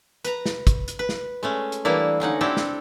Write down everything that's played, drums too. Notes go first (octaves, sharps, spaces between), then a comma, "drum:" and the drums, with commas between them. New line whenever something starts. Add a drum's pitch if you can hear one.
B4 A#5, drum: hi-hat
drum: snare
drum: kick, hi-hat
drum: hi-hat
B4
drum: snare
G#3 A3 C#4
drum: hi-hat
E3 G3 A3 A#3 D4 E4
D3 C#4 D#4 F#5
C4 D4 E4 G4 A4
drum: snare